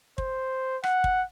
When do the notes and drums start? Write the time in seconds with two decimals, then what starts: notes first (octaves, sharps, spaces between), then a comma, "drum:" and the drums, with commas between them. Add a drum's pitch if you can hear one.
0.18 C5, drum: kick
0.84 F#5, drum: rim click
1.04 drum: kick